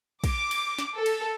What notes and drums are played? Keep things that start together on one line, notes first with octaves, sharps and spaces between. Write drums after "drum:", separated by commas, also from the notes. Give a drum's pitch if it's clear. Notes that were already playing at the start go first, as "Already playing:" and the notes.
D6, drum: kick, cymbal
drum: cymbal
drum: snare
A4
drum: cymbal